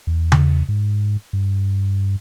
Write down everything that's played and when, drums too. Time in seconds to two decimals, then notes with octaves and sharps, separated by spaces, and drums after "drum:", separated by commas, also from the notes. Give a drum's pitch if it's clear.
0.07 E2
0.32 drum: tom C#3
0.69 G#2
1.33 G2